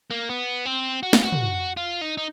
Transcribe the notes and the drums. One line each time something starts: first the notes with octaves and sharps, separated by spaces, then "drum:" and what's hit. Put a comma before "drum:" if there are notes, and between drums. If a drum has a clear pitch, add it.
A#3
B3
C4
F#4
F4, drum: snare
F#4
drum: tom
F4
D#4
D#4